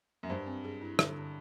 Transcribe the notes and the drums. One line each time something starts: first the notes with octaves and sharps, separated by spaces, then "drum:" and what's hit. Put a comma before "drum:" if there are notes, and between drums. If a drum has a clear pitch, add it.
F#2
G2 C5
C4
G#4
E4
D3, drum: rim click
D3